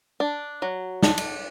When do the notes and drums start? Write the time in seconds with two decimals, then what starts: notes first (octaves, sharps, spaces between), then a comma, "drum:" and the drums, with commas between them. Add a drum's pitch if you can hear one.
0.20 D4
0.62 F#3
1.02 D4, drum: snare
1.18 drum: cymbal